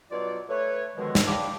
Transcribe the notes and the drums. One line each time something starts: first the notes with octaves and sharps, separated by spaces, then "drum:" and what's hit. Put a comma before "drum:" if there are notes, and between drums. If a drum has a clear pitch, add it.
G2 B2 F#3 F4 C#5 D5
A3 B4 C#5
G2 B2 D3 D#3 F3 G#3
drum: snare
A#3 D4 G5 A5 B5 D6